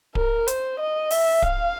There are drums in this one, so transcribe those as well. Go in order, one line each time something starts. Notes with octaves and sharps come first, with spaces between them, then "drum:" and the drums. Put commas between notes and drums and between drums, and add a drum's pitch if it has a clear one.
A#4, drum: kick D1
C5, drum: hi-hat
D#5
E5, drum: open hi-hat
F5, drum: kick D1